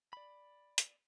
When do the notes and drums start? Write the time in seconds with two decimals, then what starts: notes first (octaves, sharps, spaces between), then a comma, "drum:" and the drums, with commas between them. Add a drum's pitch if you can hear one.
0.13 D5 B5
0.78 drum: hi-hat